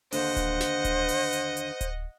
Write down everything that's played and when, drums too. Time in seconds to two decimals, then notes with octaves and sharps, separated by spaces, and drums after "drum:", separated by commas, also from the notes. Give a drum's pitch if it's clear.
0.12 D#2 D3 D4 C5 D#5 F#5, drum: open hi-hat
0.36 drum: kick D1, hi-hat
0.60 drum: snare
0.85 drum: kick D1, hi-hat
1.09 drum: open hi-hat
1.33 drum: hi-hat
1.57 drum: hi-hat
1.81 drum: kick D1, hi-hat